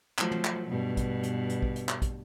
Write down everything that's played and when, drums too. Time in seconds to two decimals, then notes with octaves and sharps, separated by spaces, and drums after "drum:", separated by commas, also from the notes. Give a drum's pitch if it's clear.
0.18 F3 F#3 A3, drum: clap
0.31 drum: tom
0.45 drum: clap
0.68 G2 B2
0.97 drum: kick, hi-hat
1.23 drum: hi-hat
1.49 drum: hi-hat
1.63 drum: kick
1.76 drum: hi-hat
1.89 drum: clap
2.02 drum: kick, hi-hat